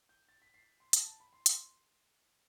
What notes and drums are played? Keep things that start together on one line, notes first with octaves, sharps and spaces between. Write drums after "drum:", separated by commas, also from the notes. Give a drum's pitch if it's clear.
G6
A6
B6
C7
C6
A5, drum: hi-hat
A5
B5
C6
C6, drum: hi-hat